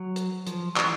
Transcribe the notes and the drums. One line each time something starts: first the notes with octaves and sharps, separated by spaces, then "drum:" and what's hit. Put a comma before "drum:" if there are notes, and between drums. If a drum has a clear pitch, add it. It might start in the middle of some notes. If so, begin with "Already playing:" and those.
Already playing: F#3
drum: hi-hat
F3, drum: hi-hat
E3, drum: clap